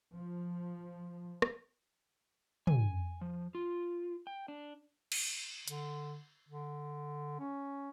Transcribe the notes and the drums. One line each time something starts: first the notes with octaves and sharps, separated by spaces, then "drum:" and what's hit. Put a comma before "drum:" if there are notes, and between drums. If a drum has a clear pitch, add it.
F3
drum: rim click
G#5, drum: tom
F3
F4
G5
D4
drum: cymbal
D3, drum: hi-hat
D3
C#4